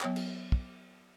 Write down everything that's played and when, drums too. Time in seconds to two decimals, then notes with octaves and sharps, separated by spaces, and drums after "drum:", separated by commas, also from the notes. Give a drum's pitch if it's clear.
0.01 F#3 B3 C#5 G5, drum: clap
0.16 drum: cymbal
0.52 drum: kick